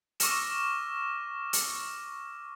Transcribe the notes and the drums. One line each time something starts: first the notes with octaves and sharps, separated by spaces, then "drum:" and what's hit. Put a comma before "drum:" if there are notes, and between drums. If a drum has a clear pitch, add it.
C#6 D6 E6 F6 A#6 E7, drum: hi-hat
drum: hi-hat